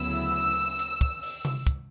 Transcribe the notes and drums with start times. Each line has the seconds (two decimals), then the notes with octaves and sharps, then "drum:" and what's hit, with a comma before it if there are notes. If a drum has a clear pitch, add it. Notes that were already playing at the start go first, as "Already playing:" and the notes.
Already playing: D2 C#3 F#3 B3 E4 E6
0.79 drum: hi-hat
1.01 drum: kick
1.23 drum: open hi-hat
1.45 drum: tom C3
1.67 drum: kick, hi-hat